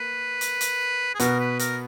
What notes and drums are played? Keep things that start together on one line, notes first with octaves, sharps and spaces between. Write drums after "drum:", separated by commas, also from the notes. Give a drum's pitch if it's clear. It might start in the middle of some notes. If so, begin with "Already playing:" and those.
Already playing: A#3 B4
drum: hi-hat
drum: hi-hat
G#4
B2 B3 A#4, drum: hi-hat
B4
A#4, drum: hi-hat